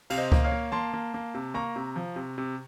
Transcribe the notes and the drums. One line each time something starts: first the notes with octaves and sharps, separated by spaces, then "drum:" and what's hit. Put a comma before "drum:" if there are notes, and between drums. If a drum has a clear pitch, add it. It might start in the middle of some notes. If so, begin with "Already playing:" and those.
C3 F5, drum: cymbal
C5 D#5
A#3, drum: kick C#2
C#5 F5
A#3
A#3 A5 C6
A#3
A#3
C3
A#3 A#5 C#6
C3
F3
C3
C3